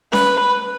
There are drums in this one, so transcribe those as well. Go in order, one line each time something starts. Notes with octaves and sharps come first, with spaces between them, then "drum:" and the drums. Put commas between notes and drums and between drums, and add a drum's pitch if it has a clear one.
B4, drum: snare C#4